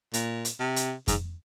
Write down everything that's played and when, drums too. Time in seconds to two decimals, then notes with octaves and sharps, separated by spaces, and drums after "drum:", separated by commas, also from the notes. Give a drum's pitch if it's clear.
0.13 A#2, drum: hi-hat
0.45 drum: hi-hat
0.60 C3
0.76 drum: hi-hat
1.08 G#2, drum: kick F2, hi-hat